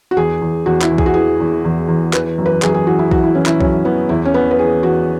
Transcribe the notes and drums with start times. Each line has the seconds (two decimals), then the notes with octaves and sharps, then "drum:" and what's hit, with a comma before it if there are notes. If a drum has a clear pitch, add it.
0.11 F#4
0.16 E2 G#4
0.41 E2
0.66 E2 F#4
0.82 E4, drum: clap
0.90 E2
0.98 G#4, drum: kick B1
1.06 F#4
1.14 E3 G#4
1.40 E2
1.64 E2
1.88 E2
2.13 E3 B4, drum: clap
2.38 F#2
2.46 B4
2.62 F#2 G#4, drum: clap
2.74 G#4
2.87 E3 F#4
2.99 E4
3.11 E3 F#4, drum: kick B1
3.24 E4
3.35 E3 C#4
3.46 E4, drum: clap
3.61 F#2 C#4, drum: kick B1
3.85 E3 B3
4.09 E2 E4
4.25 C#4
4.34 E3 B3
4.51 B4
4.59 E3 G#4
4.83 E3 F#4